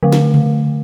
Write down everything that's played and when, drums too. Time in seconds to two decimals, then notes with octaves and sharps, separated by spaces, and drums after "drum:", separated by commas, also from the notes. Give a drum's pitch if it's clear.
0.03 D3 A3
0.12 drum: snare
0.34 drum: tom C3